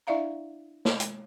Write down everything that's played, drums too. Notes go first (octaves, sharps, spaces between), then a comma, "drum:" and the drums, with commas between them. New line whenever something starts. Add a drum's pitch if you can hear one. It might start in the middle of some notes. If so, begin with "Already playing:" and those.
D4 E4 D5 E5 F5 A#5
drum: snare
drum: hi-hat